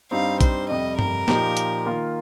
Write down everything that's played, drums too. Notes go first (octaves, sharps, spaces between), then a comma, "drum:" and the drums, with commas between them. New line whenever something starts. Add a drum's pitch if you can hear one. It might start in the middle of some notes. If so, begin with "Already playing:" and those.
G2 G3 C4 D#4 F5
C5, drum: kick, hi-hat
F2 C3 G3 D#5
A#4, drum: tom G2
A#2 F3 D#4 G4, drum: snare
drum: hi-hat
D#3 A#3 F4